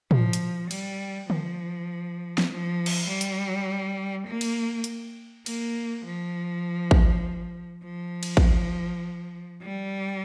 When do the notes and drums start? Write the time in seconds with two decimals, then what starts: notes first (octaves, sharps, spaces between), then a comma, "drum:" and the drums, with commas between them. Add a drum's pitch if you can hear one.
0.11 F3, drum: tom
0.33 drum: hi-hat
0.71 G3, drum: cymbal
1.30 F3, drum: tom D3
2.38 drum: snare
2.49 F3
2.86 drum: cymbal
3.08 G3
3.21 drum: hi-hat
4.27 A#3
4.41 drum: cymbal
4.84 drum: hi-hat
5.46 A#3, drum: cymbal
6.05 F3
6.91 drum: kick A1
7.84 F3
8.23 drum: cymbal
8.37 drum: kick A1
9.62 G3